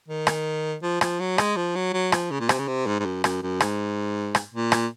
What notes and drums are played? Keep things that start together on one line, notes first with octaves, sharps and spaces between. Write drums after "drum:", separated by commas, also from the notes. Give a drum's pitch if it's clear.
D#3
drum: rim click
F3
F3, drum: rim click
F#3
G#3, drum: rim click
F3
F#3
F#3
F3, drum: rim click
C#3
A#2
C3, drum: rim click
C#3
C3
G#2
G#2
F#2
F#2, drum: rim click
F#2
G#2, drum: rim click
drum: rim click
A#2
drum: rim click